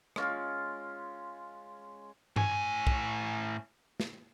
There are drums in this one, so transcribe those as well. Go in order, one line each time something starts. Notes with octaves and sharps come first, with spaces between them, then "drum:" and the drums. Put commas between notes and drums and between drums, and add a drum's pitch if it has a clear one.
G#3 C#4 F4, drum: rim click
A2 G#5, drum: tom G2
drum: kick B1
drum: snare